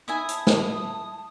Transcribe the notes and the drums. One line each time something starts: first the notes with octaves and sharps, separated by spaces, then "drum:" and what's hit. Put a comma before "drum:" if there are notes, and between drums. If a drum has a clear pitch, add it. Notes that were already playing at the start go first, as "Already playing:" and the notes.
D#4 E4 E5 G#5 D#6
A5, drum: hi-hat
drum: snare